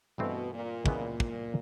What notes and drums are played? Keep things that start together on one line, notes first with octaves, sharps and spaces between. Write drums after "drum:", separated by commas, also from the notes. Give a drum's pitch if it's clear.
G2 B2 E3 A3 C4
A#2
C#2 A#2 C#3 E3 G#3 B3, drum: kick
drum: kick